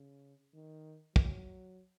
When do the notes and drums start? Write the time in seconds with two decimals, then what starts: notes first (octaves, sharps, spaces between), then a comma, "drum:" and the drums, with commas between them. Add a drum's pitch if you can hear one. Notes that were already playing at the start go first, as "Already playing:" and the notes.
Already playing: C#3
0.53 D#3
1.16 F#3, drum: kick